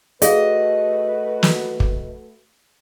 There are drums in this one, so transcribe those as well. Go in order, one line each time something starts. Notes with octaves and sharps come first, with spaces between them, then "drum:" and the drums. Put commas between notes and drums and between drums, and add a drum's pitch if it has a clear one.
A3 F#4 G#4 B4 D#5 F5, drum: hi-hat
drum: snare
drum: kick